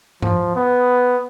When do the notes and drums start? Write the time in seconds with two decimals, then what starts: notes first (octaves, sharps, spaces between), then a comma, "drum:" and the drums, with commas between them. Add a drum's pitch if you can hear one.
0.22 F3, drum: tom G#2
0.56 B3